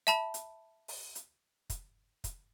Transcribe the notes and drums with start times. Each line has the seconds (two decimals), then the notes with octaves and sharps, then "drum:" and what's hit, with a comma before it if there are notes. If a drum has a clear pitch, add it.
0.07 E5 A5 B5, drum: hi-hat
0.34 drum: hi-hat
0.88 drum: open hi-hat
1.15 drum: hi-hat
1.70 drum: kick, hi-hat
2.24 drum: kick, hi-hat